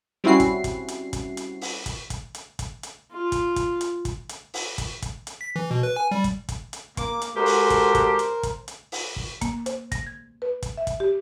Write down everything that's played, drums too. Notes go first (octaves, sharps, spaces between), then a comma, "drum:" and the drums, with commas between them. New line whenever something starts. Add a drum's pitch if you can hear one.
G3 C4 C#4 E4 F#4 C7
drum: kick, hi-hat
drum: kick, hi-hat
drum: hi-hat
drum: kick, hi-hat
drum: hi-hat
drum: open hi-hat
drum: kick, hi-hat
drum: kick, hi-hat
drum: hi-hat
drum: kick, hi-hat
drum: hi-hat
F4
drum: kick, hi-hat
drum: kick, hi-hat
drum: hi-hat
drum: kick, hi-hat
drum: hi-hat
drum: open hi-hat
drum: kick, hi-hat
drum: kick, hi-hat
drum: hi-hat
B6
E3
B2
B4
G#5
G3
drum: kick, hi-hat
drum: kick, hi-hat
drum: hi-hat
A#3 D6, drum: kick, hi-hat
drum: hi-hat
G#3 F#4 G4 A4 A#4 C5
drum: open hi-hat
drum: kick, hi-hat
drum: kick, hi-hat
drum: hi-hat
drum: kick, hi-hat
drum: hi-hat
drum: open hi-hat
drum: kick
A#3, drum: kick, hi-hat
C5, drum: hi-hat
A#6, drum: kick, hi-hat
G#6
B4
drum: kick, hi-hat
E5
drum: kick, hi-hat
G4